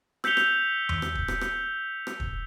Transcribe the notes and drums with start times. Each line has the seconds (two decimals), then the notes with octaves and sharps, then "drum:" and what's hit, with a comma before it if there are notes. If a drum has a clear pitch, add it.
0.24 E6 G6 B6 C#7 F7 G7, drum: rim click
0.37 drum: rim click
0.89 drum: tom E2
1.02 drum: rim click
1.15 drum: kick
1.28 drum: rim click
1.41 drum: rim click
2.07 drum: rim click
2.20 drum: kick